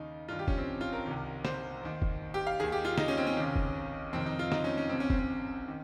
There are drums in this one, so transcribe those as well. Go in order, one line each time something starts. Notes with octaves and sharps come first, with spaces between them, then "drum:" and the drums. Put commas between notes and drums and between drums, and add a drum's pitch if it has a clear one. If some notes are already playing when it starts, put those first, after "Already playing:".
Already playing: D#2 C#3 D#4
G2 D#3 F4
G4
C#4, drum: kick F1
C4
F4
A#4
C2 C3 D#3
C5, drum: snare
D#2 D#3
drum: kick F1
G4
F5
D#2 D#3 G#4
G4
F4
D#4, drum: snare
C#4
C4
C#4
C#2 C3 D#3
drum: kick F1
F2 C3 D#3 C4
D#4
F4
D#4, drum: snare
C#4
C#4
C2 C3 D#3 C4
C#4
C4, drum: kick F1
C#4
D#3